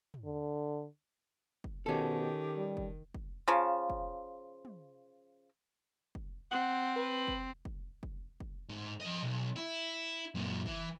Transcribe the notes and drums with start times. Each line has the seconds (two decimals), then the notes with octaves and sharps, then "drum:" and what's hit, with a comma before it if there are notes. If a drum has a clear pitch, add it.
0.14 drum: tom
0.25 D3
1.64 drum: kick
1.86 B2 D#3 C#4 G4 A4
2.57 G3
2.77 drum: kick
3.14 drum: kick
3.48 C#3 F3
3.90 drum: kick
4.65 drum: tom
6.15 drum: kick
6.51 C4 F#5
6.96 B4
7.28 drum: kick
7.65 drum: kick
8.03 drum: kick
8.40 drum: kick
8.70 G#2
9.02 F3 D#5
9.23 B1
9.56 E4
10.35 F#2 A#2
10.66 E3, drum: kick